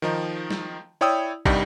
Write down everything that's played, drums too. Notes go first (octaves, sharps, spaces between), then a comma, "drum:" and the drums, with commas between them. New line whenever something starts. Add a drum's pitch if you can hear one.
D#3 F3 D#4
drum: snare
E4 C#5 D5 G5 D#6 E6
C2 G2 G3 D#4 G4 A#6, drum: kick